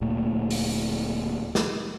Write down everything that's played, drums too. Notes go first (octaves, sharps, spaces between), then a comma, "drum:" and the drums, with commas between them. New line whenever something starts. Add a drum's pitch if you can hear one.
D1 A#2 A3 A#3
drum: open hi-hat
drum: snare